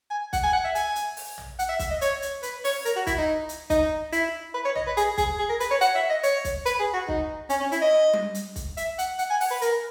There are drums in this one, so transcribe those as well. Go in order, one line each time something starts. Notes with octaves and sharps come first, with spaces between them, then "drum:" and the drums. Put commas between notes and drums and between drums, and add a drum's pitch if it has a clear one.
G#5
F#5, drum: kick B1, hi-hat
G#5
F#5
E5
G#5, drum: hi-hat
drum: hi-hat
drum: open hi-hat
drum: tom A#1
F#5, drum: hi-hat
E5
E5, drum: kick B1, hi-hat
D#5
C#5, drum: hi-hat
drum: hi-hat
B4, drum: hi-hat
C#5, drum: open hi-hat
A#4, drum: hi-hat
F#4
E4, drum: kick B1, hi-hat
D#4
drum: hi-hat
D#4, drum: kick B1, hi-hat
E4, drum: hi-hat
B4
C#5
D#5, drum: tom A#1
B4
G#4, drum: hi-hat
G#4, drum: kick B1, hi-hat
G#4
A#4
B4, drum: hi-hat
C#5
F#5, drum: hi-hat
E5
D#5
C#5, drum: hi-hat
drum: kick B1, hi-hat
B4, drum: hi-hat
G#4
F#4
D#4, drum: kick B1
C#4, drum: hi-hat
C#4
E4, drum: hi-hat
D#5
drum: tom G3
drum: hi-hat
drum: kick B1, hi-hat
E5, drum: hi-hat
F#5, drum: hi-hat
F#5, drum: hi-hat
G#5
F#5, drum: open hi-hat
B4
A#4, drum: hi-hat